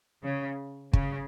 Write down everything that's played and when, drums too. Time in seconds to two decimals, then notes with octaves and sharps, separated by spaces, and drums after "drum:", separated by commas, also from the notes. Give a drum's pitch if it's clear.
0.24 C#3
0.93 C#3, drum: kick